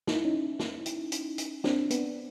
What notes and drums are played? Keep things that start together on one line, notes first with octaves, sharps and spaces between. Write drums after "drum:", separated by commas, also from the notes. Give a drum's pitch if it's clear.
D#4, drum: snare
E4
C#4 D#4
drum: snare
drum: hi-hat
drum: hi-hat
drum: hi-hat
C4 D4, drum: snare
B3, drum: hi-hat